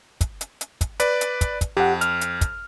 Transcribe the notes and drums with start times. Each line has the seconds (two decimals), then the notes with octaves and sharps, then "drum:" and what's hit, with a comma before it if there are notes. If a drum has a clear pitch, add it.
0.21 drum: kick, hi-hat
0.41 drum: hi-hat
0.61 drum: hi-hat
0.81 drum: kick, hi-hat
1.00 B4 D5, drum: hi-hat
1.21 drum: hi-hat
1.41 drum: kick, hi-hat
1.61 drum: kick, hi-hat
1.77 F2 G4 F#5
2.01 F6, drum: hi-hat
2.21 drum: hi-hat
2.41 drum: kick, hi-hat